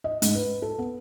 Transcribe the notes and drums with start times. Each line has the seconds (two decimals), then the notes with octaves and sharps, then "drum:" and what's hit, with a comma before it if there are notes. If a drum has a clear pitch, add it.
0.04 D#5
0.22 G#2, drum: hi-hat
0.35 B4
0.62 A4
0.78 B3